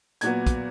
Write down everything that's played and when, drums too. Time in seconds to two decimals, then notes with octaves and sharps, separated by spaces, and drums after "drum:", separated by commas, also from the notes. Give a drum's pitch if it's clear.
0.21 A#2 F#3 B3 G#6, drum: hi-hat
0.47 drum: kick, hi-hat